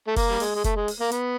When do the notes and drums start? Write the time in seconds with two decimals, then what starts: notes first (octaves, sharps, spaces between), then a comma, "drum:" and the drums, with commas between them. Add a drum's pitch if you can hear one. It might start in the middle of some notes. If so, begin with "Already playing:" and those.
0.07 A3
0.16 A#3, drum: kick F1, open hi-hat
0.30 G3
0.40 G#3, drum: open hi-hat
0.55 G#3
0.64 A3, drum: kick F1, hi-hat
0.76 G#3
0.88 drum: open hi-hat
1.00 A#3
1.11 B3, drum: hi-hat